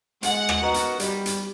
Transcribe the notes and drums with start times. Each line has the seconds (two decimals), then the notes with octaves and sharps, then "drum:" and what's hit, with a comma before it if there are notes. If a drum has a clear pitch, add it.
0.23 G#3 F#5, drum: hi-hat
0.49 drum: rim click
0.61 B3 D#4 F#4 A#4
0.74 drum: hi-hat
1.00 G3, drum: hi-hat
1.26 drum: hi-hat